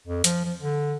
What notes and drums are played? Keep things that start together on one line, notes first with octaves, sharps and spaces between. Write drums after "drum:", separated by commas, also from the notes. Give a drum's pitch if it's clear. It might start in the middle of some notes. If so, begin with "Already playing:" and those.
F2
F3, drum: hi-hat
F3
D3